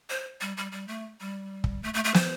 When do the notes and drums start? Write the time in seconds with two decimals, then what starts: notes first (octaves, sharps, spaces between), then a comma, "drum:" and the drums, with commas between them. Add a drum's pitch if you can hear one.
0.10 C5
0.41 G3
0.57 G3
0.72 G3
0.88 A3
1.20 G3
1.64 drum: kick
1.83 A3
1.94 A3
2.04 A3
2.14 C5, drum: snare